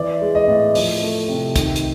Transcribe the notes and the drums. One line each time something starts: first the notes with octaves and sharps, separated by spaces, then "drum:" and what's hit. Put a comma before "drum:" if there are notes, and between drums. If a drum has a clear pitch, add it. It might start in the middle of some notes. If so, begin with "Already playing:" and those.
Already playing: E3 D5
G#3
D#5
A2
F3, drum: open hi-hat
A3
C3
D#3, drum: kick, hi-hat
drum: hi-hat